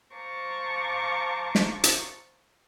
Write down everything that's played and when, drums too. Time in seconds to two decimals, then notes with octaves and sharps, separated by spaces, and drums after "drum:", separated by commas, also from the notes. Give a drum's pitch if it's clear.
0.14 C5 F5 A5 A#5 C#6 D6
1.55 drum: snare
1.84 drum: hi-hat